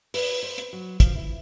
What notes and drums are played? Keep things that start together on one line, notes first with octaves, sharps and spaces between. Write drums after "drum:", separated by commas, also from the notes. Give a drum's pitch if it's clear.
B4, drum: open hi-hat
C5
drum: hi-hat
F#3
F3, drum: kick, hi-hat
E4